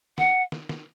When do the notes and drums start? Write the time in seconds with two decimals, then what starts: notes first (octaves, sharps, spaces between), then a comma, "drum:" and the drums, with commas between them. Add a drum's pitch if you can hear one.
0.18 F#5, drum: snare
0.52 drum: snare
0.69 drum: snare